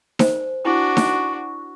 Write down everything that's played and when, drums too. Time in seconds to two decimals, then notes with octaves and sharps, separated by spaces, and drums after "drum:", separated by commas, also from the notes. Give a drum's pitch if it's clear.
0.19 C5, drum: snare D#4
0.65 D4 E4 F#4 G#5 D6
0.97 drum: snare D#4